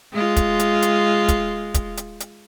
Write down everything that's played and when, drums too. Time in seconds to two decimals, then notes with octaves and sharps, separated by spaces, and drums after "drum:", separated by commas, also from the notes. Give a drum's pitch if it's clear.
0.13 G#3 F4
0.36 drum: kick, hi-hat
0.59 drum: hi-hat
0.82 drum: hi-hat
1.28 drum: kick, hi-hat
1.74 drum: kick, hi-hat
1.97 drum: hi-hat
2.20 drum: hi-hat